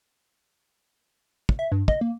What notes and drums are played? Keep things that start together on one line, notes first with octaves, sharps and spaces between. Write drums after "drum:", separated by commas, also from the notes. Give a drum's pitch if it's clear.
drum: kick
E5
G2
D#5, drum: kick
A#3